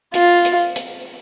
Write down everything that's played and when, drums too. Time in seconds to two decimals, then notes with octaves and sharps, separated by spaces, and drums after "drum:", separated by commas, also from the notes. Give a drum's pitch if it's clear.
0.14 F4, drum: hi-hat
0.45 drum: hi-hat
0.76 drum: hi-hat